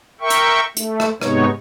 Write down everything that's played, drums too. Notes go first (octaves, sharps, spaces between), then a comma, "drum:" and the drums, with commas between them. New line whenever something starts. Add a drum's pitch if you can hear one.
A#4 E5 G5 C#6
drum: hi-hat
A3, drum: hi-hat
drum: rim click
G#2 C3 G#3 B3 D#4 C#5, drum: rim click